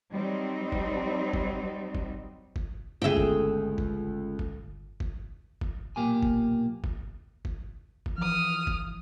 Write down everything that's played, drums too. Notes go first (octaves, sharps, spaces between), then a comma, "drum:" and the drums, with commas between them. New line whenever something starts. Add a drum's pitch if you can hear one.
F#3 G3 C4 D#4
drum: kick
drum: kick
drum: kick
drum: kick
G1 C#2 A3 G#4 E5 G5
drum: kick
drum: kick
drum: kick
drum: kick
drum: kick
B1 A#2 A#3 G4 G#5
drum: kick
drum: kick
drum: kick
drum: kick
E3 F3 D#6 F6
drum: kick